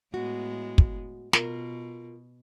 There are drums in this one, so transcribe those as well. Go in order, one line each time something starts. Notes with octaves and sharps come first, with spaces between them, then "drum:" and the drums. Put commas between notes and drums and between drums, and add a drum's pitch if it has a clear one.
A2 G#3 B3 F#4
drum: kick
B2 F4 A#4, drum: snare